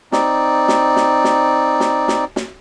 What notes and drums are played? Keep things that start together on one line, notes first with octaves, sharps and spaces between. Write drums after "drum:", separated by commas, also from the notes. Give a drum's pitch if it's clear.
C4 D#4 D5, drum: snare
drum: snare
drum: snare
drum: snare
drum: snare
drum: snare
drum: snare